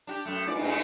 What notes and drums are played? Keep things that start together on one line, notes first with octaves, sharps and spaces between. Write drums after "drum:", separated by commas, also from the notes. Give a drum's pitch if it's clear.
D4 F#4 G4
F#2 A3
D5, drum: cymbal
G#2 A3, drum: cymbal